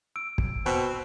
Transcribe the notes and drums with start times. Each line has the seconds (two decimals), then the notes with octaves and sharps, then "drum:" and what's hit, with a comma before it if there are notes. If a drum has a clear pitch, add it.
0.16 E6 D7
0.38 drum: kick
0.66 B2 C4